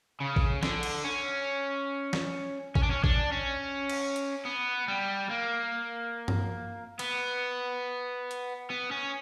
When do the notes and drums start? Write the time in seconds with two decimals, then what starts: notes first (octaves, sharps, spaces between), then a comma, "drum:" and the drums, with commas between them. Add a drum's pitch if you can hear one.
0.20 C#3
0.36 drum: kick A1
0.63 D3, drum: snare
0.83 drum: cymbal
1.05 C#4
2.13 drum: snare
2.75 C#4, drum: kick A1
2.83 D4
2.91 C#4
3.04 D4, drum: kick A1
3.32 C#4
3.89 drum: cymbal
4.16 drum: hi-hat
4.45 B3
4.88 G3
5.29 A#3
6.28 drum: tom G2
6.99 B3, drum: cymbal
8.31 drum: hi-hat
8.70 B3
8.91 C#4